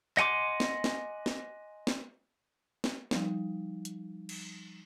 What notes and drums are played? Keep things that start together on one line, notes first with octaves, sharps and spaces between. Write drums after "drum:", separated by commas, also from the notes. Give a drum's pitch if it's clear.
D#5 F#5 G#5 C6 D6, drum: clap
drum: snare
drum: snare
drum: snare
drum: snare
drum: snare
F3 G3 D#4, drum: snare
drum: hi-hat
drum: cymbal